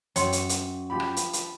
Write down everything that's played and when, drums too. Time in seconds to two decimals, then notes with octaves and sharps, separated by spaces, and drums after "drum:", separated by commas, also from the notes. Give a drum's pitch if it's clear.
0.16 F#2 C#5 G5 C6, drum: hi-hat
0.33 drum: hi-hat
0.49 drum: hi-hat
0.90 F3 G4 B5
1.00 drum: rim click
1.17 drum: hi-hat
1.33 drum: hi-hat